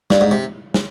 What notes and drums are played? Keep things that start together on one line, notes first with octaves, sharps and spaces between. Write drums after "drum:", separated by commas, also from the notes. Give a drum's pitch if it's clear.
G2, drum: snare
G#2
C3
drum: snare